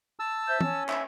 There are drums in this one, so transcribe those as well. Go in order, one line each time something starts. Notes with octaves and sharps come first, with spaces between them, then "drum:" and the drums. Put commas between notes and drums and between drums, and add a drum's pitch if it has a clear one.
A5 E6
C5 E5 G6
C#4, drum: tom
E5, drum: clap